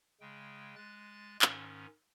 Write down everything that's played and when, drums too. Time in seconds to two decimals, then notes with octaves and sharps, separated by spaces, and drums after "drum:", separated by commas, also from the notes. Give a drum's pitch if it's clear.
0.21 C#3 G#3 G5
0.76 G#3 F#6 A6
1.42 G#2 D#3 C#4, drum: clap